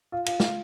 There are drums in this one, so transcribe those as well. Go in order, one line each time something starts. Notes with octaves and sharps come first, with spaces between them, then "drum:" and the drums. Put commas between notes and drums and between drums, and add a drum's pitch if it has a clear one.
F4
F4, drum: cymbal
F4, drum: snare